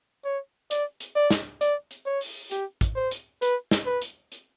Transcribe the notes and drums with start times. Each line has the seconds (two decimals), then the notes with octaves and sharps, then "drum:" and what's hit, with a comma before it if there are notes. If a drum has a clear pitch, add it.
0.25 C#5
0.71 D5, drum: hi-hat
1.00 drum: hi-hat
1.16 D5
1.31 drum: snare
1.61 D5, drum: hi-hat
1.91 drum: hi-hat
2.06 C#5
2.21 drum: open hi-hat
2.51 G4, drum: hi-hat
2.81 drum: kick, hi-hat
2.96 C5
3.11 drum: hi-hat
3.42 B4, drum: hi-hat
3.71 drum: snare
3.86 B4
4.02 drum: hi-hat
4.32 drum: hi-hat